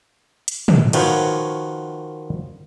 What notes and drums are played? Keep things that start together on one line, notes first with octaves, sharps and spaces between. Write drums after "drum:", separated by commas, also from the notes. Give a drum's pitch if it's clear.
drum: hi-hat
drum: tom
D#3 F3 F#4 B4 C#5, drum: cymbal